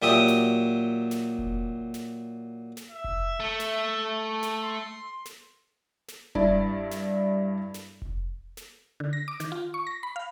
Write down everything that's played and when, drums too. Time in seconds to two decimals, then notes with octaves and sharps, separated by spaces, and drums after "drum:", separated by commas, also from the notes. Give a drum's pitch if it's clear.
0.02 A#2 F#3 G4 E5 D#6
0.28 drum: snare
1.11 drum: snare
1.39 drum: kick F1
1.94 drum: snare
2.77 drum: snare
2.91 E5
3.04 drum: kick F1
3.40 A3
3.60 drum: snare
4.43 drum: snare
4.63 C6
5.26 drum: snare
6.08 drum: snare
6.35 G2 E4 D5, drum: kick F1
6.91 drum: snare
7.74 drum: snare
8.02 drum: kick F1
8.57 drum: snare
9.00 D3
9.13 A#6
9.28 D6
9.40 D#3, drum: snare
9.52 F4
9.74 C#6
9.87 A#6
10.03 B5
10.16 F5